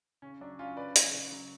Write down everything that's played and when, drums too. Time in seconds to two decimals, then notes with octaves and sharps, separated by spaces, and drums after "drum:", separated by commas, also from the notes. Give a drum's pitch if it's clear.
0.22 C#3 C#4
0.41 F#3 D4
0.59 F#3 C#4 F4
0.77 C#3 B4 D5
0.96 F#3, drum: hi-hat
1.14 C#3
1.32 F#3